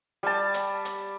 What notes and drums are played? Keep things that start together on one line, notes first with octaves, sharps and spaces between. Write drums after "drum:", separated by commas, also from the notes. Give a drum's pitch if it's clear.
G3 A5
drum: hi-hat
drum: hi-hat